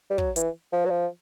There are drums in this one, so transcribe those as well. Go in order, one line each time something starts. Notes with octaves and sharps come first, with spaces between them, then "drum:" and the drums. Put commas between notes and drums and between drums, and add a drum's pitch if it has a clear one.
G3
F#3, drum: kick
E3, drum: hi-hat
F3
F#3
F3